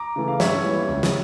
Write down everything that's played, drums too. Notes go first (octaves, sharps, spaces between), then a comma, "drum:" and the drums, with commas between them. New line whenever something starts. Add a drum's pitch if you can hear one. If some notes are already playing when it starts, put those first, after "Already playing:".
Already playing: A#5 D6
C#3 E3 A3
F5
G2 C#5 E5, drum: snare
E3 G3 A#3 E4
C#2
drum: snare